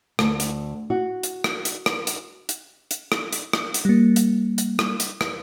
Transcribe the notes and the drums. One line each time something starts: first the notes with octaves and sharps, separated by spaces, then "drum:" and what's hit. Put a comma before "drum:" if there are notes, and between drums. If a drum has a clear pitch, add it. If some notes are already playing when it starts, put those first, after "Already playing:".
D2, drum: rim click
drum: hi-hat
F#4
drum: hi-hat
drum: rim click
drum: hi-hat
drum: rim click
drum: hi-hat
drum: hi-hat
drum: hi-hat
drum: rim click
drum: hi-hat
drum: rim click
drum: hi-hat
G3 A#3
drum: hi-hat
drum: hi-hat
drum: rim click
drum: hi-hat
drum: rim click